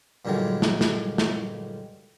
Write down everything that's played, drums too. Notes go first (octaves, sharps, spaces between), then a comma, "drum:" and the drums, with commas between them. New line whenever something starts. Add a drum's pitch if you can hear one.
G2 A#2 D3 D#3 F#3 G#3
drum: snare
drum: snare
drum: snare